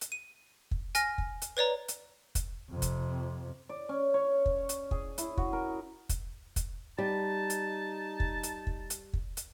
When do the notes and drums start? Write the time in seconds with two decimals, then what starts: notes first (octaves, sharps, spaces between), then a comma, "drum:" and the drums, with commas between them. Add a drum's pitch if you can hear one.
0.01 drum: hi-hat
0.12 D#7
0.71 drum: kick
0.95 G#5 F6 A#6, drum: hi-hat
1.18 drum: kick
1.42 drum: hi-hat
1.57 B4 C#5 D5 A#5
1.88 drum: hi-hat
2.35 drum: kick, hi-hat
2.71 F2 C3
2.82 drum: kick, hi-hat
3.69 D5
3.89 C#4
4.14 C#5
4.46 drum: kick
4.69 drum: hi-hat
4.91 G#4, drum: kick
5.18 E4, drum: hi-hat
5.37 F#4, drum: kick
5.53 A#4
6.09 drum: kick, hi-hat
6.56 drum: kick, hi-hat
6.99 G3 D#4 A5
7.50 drum: hi-hat
8.20 drum: kick
8.43 drum: hi-hat
8.67 drum: kick
8.90 drum: hi-hat
9.13 drum: kick
9.37 drum: hi-hat